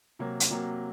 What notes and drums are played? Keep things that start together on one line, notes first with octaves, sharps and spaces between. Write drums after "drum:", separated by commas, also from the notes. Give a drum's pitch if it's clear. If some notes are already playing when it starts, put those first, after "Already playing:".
C3 F#3 A#3
drum: hi-hat
C3 F#3 A#3